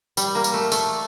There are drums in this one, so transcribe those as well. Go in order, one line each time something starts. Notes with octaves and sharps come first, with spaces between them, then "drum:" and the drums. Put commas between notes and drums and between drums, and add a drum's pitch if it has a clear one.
G3, drum: tambourine
A#3
drum: tambourine
A3
A3, drum: tambourine